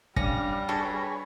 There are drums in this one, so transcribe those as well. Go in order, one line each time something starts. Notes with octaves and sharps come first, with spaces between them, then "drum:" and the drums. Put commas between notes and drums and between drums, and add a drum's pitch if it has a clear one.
G3 C#4 D4 F5 A#6, drum: kick
D4 F#4 G#4 A4 B4 C#5